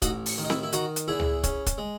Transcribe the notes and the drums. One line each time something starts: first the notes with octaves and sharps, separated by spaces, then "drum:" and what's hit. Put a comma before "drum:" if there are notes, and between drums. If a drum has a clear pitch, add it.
A1 D#4 F#4, drum: kick, hi-hat
drum: open hi-hat
D#3
D#4
E4, drum: snare C4
E4
D#3 D#4 F#4, drum: hi-hat
drum: hi-hat
E2 E4 G#4
drum: tom C#2
C#4, drum: kick, hi-hat
drum: kick, hi-hat
G#3